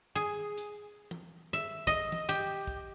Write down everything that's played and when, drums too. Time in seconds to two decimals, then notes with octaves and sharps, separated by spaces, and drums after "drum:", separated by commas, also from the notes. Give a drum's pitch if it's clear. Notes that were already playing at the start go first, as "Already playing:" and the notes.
0.15 G#4
0.58 drum: hi-hat
1.11 drum: tom
1.53 E5
1.87 D#5, drum: kick
2.12 drum: tom
2.29 G4
2.67 drum: kick